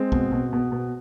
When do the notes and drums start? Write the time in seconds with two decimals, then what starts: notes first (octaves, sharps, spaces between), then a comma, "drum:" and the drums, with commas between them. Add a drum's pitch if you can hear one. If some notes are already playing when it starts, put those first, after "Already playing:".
Already playing: G#3 C4
0.12 B2, drum: kick B1
0.32 B2
0.53 B2
0.72 B2